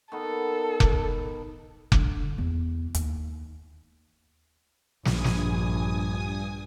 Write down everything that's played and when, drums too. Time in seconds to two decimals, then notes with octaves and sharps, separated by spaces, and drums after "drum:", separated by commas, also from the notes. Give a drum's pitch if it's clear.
0.12 D#3 B3 A4
0.80 drum: kick F1
1.92 D3 D4, drum: kick F1
2.38 E2
2.94 D#2, drum: hi-hat
5.05 A#1 G2 G#5 D#6, drum: snare
5.24 drum: snare